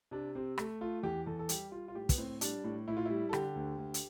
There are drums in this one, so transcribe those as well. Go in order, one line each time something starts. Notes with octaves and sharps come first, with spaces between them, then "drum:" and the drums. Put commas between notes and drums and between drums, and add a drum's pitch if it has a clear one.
C3 D4
C3 C4
A3, drum: rim click
A3 F4
E2 G4
E2 A4
A4
G3 G4, drum: hi-hat
G3 F4
F4
A2 G4
B3, drum: kick, hi-hat
A2 C4
G3 D4, drum: hi-hat
A2
A2 E4
F4
G3 E4
A4
D3 G4, drum: rim click
D2
D2
drum: hi-hat